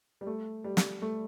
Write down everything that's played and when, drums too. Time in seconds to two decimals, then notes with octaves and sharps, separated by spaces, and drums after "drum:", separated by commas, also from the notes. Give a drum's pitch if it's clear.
0.21 G3
0.27 A3
0.64 G3
0.77 drum: snare
1.02 A3